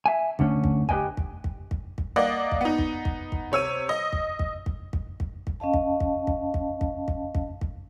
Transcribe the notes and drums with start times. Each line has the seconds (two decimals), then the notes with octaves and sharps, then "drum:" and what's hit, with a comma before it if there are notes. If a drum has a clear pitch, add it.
0.06 E5 G#5
0.39 D2 D3 A3 C#4, drum: kick
0.64 drum: kick
0.89 G4 B4 C5 D#5 G5 G#5, drum: kick
1.17 drum: kick
1.44 drum: kick
1.71 drum: kick
1.98 drum: kick
2.16 A#3 D5 D#5 F#5
2.52 drum: kick
2.61 B3 D#4
2.78 drum: kick
3.05 drum: kick
3.32 drum: kick
3.52 C3 C#5 E6 D#7
3.89 D#5
4.13 drum: kick
4.39 drum: kick
4.66 drum: kick
4.93 drum: kick
5.20 drum: kick
5.47 drum: kick
5.60 C#4 D#5 F5 A5
5.74 drum: kick
6.00 drum: kick
6.27 drum: kick
6.54 drum: kick
6.81 drum: kick
7.08 drum: kick
7.35 drum: kick
7.61 drum: kick